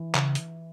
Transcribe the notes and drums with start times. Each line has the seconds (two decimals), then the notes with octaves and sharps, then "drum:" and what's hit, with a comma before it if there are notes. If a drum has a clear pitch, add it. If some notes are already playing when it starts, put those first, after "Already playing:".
Already playing: E3
0.15 C#3, drum: clap
0.35 drum: hi-hat